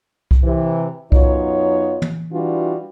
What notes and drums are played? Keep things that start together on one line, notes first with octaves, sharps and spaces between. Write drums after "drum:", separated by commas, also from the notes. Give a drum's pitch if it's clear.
drum: kick C2
C3 E3
F#2 B3 D#4 F4 C#5, drum: kick C2
drum: tom
E3 G3 D4 F4 F#4